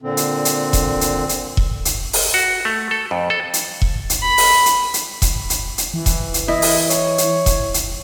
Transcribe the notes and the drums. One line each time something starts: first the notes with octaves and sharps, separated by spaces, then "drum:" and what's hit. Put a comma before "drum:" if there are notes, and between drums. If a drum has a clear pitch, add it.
A#2 D3 C4
drum: hi-hat
drum: hi-hat
drum: kick E1, hi-hat
drum: hi-hat
drum: hi-hat
drum: kick E1
drum: hi-hat
drum: open hi-hat
F#4
A3
A4
F2
A4
drum: hi-hat
drum: kick E1
drum: hi-hat
B5
drum: open hi-hat
drum: hi-hat
drum: hi-hat
drum: kick E1, hi-hat
drum: hi-hat
drum: hi-hat
E3
drum: kick E1, hi-hat
drum: hi-hat
E4 D#5
drum: open hi-hat
C#5, drum: hi-hat
drum: hi-hat
drum: kick E1, hi-hat
drum: hi-hat